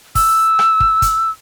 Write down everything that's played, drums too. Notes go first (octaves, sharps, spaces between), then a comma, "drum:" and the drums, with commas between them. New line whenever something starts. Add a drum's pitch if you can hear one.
E6, drum: kick, open hi-hat
drum: rim click
drum: kick
drum: kick, hi-hat